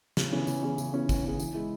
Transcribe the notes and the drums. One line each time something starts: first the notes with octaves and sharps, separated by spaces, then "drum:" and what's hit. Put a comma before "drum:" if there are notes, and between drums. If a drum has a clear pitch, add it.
C#3, drum: snare
E3 C#4 G#4
C#3, drum: tambourine
E3 C#4 G#4
C#3, drum: tambourine
E3 C#4 G#4
C#3, drum: kick, tambourine
E3 C#4 G#4
E3, drum: tambourine
G#3 E4